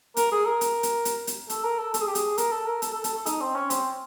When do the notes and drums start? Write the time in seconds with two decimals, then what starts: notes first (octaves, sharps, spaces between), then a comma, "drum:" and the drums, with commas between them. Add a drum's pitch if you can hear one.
0.17 A#4, drum: hi-hat
0.32 G#4
0.46 A#4
0.61 drum: hi-hat
0.83 drum: hi-hat
1.05 drum: hi-hat
1.27 drum: hi-hat
1.50 A4, drum: hi-hat
1.64 A#4
1.79 A4
1.94 A4, drum: hi-hat
2.01 G#4
2.08 G4
2.15 G#4, drum: hi-hat
2.38 A#4, drum: hi-hat
2.52 A4
2.67 A#4
2.82 A4, drum: hi-hat
2.93 A4
3.04 A4, drum: hi-hat
3.15 A4
3.26 D#4, drum: hi-hat
3.41 C4
3.55 C#4
3.70 C4, drum: hi-hat